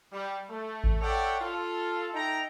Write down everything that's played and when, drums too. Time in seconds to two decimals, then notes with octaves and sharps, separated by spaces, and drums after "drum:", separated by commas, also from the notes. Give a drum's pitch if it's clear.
0.13 G3
0.49 A3
0.84 drum: kick A1
1.02 A4 C#5 D5 E5 F#5 G5
1.41 F4 A4
2.14 D#4 A4 E5 G5 A#5